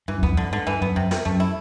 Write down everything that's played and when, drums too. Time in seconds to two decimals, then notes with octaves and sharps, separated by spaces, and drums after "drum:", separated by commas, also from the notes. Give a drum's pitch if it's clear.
0.08 G2 E3
0.18 F#2
0.23 B3, drum: kick
0.28 F2
0.37 G2 D3
0.52 G#2 D3
0.67 G2 E3
0.81 F#2 B3
0.96 F#2 C3
1.11 C3, drum: snare
1.25 F#2 A3
1.40 E4